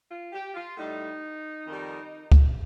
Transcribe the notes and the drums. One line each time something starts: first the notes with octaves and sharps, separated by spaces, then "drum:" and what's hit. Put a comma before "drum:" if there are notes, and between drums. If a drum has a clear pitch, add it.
F4
G4
F4
A2 G3 D#4
F2 D#3 G3
drum: kick